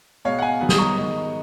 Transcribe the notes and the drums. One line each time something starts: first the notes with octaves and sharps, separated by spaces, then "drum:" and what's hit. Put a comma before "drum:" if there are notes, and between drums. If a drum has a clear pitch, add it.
B2 G#3 B3 C#5 F5
F#5
F5 G#5
D#3 F#3 B3
D#6, drum: snare
A#5 C#6
D#3 G#3 B3